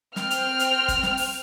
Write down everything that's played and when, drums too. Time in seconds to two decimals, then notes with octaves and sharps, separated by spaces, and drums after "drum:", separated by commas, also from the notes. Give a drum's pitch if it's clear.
0.16 C4 G5 F6, drum: snare
0.31 drum: hi-hat
0.59 drum: hi-hat
0.88 drum: kick, hi-hat
1.03 drum: snare
1.17 drum: open hi-hat